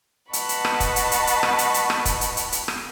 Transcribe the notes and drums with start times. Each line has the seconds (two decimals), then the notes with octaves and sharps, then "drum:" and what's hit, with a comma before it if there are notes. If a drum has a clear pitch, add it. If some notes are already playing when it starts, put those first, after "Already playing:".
0.33 B4 D#5 F#5 A5 B5 C#6, drum: hi-hat
0.49 drum: hi-hat
0.65 drum: rim click
0.80 drum: kick, hi-hat
0.96 drum: hi-hat
1.12 drum: hi-hat
1.27 drum: hi-hat
1.43 drum: rim click
1.58 drum: hi-hat
1.74 drum: hi-hat
1.90 drum: rim click
2.05 drum: kick, hi-hat
2.21 drum: hi-hat
2.37 drum: hi-hat
2.52 drum: hi-hat
2.68 drum: rim click